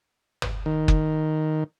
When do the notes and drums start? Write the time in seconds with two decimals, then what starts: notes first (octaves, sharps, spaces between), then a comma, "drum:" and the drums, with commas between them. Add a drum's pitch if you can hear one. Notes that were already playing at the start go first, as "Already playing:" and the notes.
0.42 drum: tom
0.66 D#3
0.88 drum: kick F#1